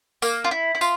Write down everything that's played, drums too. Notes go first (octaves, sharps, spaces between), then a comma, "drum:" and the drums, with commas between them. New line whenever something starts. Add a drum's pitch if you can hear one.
A#3, drum: tambourine
F4
E4
E4
F4, drum: tambourine